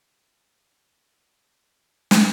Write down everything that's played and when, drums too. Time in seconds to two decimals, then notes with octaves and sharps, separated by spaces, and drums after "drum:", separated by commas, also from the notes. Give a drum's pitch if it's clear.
0.19 F2 C3 G3 A#3 F4 G4
0.96 F2 D3 G3 G4
1.35 G4
1.74 F2 D3 A#3 D4 F4
2.11 drum: snare